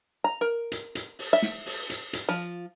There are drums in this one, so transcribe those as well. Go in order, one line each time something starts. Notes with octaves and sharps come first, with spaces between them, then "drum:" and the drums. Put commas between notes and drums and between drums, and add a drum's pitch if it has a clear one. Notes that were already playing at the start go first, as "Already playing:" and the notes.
A#5
A#4
drum: hi-hat
drum: hi-hat
drum: open hi-hat
E5
drum: snare
drum: open hi-hat
drum: hi-hat
drum: hi-hat
F3